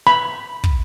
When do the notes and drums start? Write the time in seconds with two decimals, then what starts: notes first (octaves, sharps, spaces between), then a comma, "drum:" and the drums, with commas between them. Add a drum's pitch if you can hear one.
0.07 B5
0.64 drum: kick